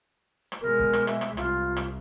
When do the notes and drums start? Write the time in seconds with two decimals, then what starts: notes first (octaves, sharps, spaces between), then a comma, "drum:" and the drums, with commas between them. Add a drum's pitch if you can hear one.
0.52 drum: rim click
0.62 B2 G#3 A#4
0.80 drum: kick
0.93 drum: rim click
1.07 E5, drum: rim click
1.21 drum: rim click
1.37 C2 F4, drum: rim click
1.77 drum: rim click